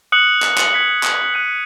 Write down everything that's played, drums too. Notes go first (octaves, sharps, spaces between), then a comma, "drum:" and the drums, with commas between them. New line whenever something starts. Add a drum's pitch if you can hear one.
D#6 F#6 C#7 F#7
drum: clap
drum: clap
G#6 B6 F#7
drum: clap
F#6 D#7 F#7